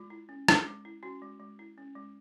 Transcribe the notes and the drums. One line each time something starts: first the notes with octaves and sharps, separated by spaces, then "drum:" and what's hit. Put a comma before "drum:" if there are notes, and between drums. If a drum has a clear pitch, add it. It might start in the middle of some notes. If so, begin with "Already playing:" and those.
Already playing: G#3 F4
E4
C#4
G#3, drum: rim click
G#3
E4
C#4 F#4
G#3
G#3
E4
C#4
G#3